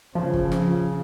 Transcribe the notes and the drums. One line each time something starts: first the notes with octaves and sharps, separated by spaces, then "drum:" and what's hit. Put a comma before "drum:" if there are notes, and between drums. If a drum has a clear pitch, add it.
C#3 F3
drum: kick G1
drum: snare